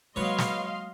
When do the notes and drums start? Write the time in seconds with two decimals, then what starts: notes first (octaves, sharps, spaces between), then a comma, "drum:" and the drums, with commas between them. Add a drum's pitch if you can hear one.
0.16 F#3 G#3 A#3 B4 C#5 D#5 F5 C6
0.39 drum: snare